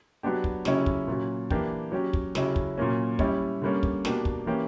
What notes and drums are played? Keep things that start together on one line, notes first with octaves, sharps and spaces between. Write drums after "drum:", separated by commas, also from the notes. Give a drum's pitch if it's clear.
F#3 B3 D4 G4
drum: kick
C#3 F#3 C#4 E4 G4, drum: snare
drum: kick
A#2 F#3 C#4
E3 A#3 D4 G4, drum: kick
F#3 C#4 G4
drum: kick
C#3 F#3 C#4 E4 G4, drum: snare
drum: kick
A#2 F#3 A#3 C#4
G3 C#4 E4 G4, drum: kick
D3 G3 A#3 C#4
drum: kick
B2 A#3 D4 G4, drum: snare
drum: kick
E3 A#3 C#4 G4